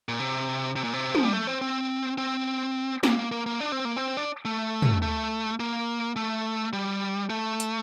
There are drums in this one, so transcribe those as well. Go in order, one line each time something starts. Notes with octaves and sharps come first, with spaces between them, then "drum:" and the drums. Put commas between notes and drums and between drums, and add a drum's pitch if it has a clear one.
A#2
C3
C3
A#2
C3
F3, drum: tom
G3
A3
C4
C4
C4
A#3, drum: snare
A#3
A#3
D4
C4
A#3
C4
D4
A3
drum: tom
A3
A#3
A3
G3
A3
drum: hi-hat